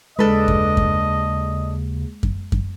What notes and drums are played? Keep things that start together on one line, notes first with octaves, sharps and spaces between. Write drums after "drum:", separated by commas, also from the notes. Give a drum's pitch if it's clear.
D#2 C#3 G#3 D4 A4 B4 D#5
drum: kick F#2
drum: kick F#2
drum: kick F#2
drum: kick F#2